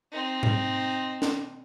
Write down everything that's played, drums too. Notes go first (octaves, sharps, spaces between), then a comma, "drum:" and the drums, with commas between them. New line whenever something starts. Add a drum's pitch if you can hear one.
C4 D#4
drum: tom G#2
drum: snare